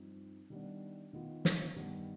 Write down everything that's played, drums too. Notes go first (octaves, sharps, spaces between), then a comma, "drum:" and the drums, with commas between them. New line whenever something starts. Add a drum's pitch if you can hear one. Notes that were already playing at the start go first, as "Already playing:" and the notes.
Already playing: G2 F3 C4 D#4
D#3 G3 B3 D4
D#3 B3 F4
drum: snare
G2 D#3 G3 B3